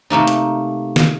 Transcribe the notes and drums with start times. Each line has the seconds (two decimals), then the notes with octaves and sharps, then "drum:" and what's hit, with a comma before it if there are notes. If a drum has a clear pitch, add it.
0.10 C3 A3 A#3 D#4
0.28 drum: hi-hat
0.96 drum: snare